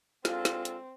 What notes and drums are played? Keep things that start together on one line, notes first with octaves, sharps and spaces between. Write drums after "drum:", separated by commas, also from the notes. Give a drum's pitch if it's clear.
G#3 C4 D4 F4 A4, drum: snare
drum: snare
drum: hi-hat